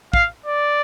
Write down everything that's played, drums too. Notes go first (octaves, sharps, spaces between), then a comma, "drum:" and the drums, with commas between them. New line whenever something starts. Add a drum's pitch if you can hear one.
F5, drum: kick
D5